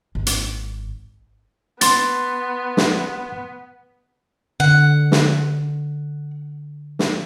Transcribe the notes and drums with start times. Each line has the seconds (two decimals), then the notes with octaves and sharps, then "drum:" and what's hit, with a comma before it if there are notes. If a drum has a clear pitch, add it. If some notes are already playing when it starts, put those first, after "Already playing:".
0.15 G#1
0.27 drum: hi-hat
1.81 B3 C6 A6, drum: hi-hat
2.77 drum: snare
4.60 D3 F#5
5.12 drum: snare
6.99 drum: snare